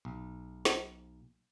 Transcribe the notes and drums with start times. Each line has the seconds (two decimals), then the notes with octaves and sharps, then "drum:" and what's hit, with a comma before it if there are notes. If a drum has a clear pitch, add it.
0.05 B1
0.65 drum: snare